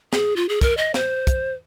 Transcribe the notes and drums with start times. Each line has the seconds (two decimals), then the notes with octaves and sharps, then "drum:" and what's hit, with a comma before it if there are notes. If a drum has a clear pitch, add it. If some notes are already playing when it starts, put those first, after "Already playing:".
0.13 G#4, drum: snare
0.36 F4
0.49 G#4
0.61 A#4, drum: kick, hi-hat
0.77 D#5
0.94 C5, drum: snare
1.27 drum: kick, hi-hat